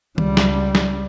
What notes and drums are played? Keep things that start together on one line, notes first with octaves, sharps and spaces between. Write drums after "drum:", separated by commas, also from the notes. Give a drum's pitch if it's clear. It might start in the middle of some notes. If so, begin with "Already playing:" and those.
C#2 G3, drum: tom D#3
drum: snare
drum: snare